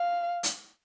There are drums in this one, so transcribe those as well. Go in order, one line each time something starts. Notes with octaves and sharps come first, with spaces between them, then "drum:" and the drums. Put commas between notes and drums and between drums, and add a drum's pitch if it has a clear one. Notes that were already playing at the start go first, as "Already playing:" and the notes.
Already playing: F5
drum: hi-hat